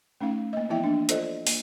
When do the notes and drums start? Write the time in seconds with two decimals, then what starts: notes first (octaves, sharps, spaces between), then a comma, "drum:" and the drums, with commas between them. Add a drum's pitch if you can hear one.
0.21 A3 C#4 D#4 F5
0.53 A#3 D#5
0.69 E3 F3 B3 E4 E5 G5
0.84 A#3 D4
1.09 F4 A4 C5 D5 D#5, drum: hi-hat
1.47 A#3, drum: open hi-hat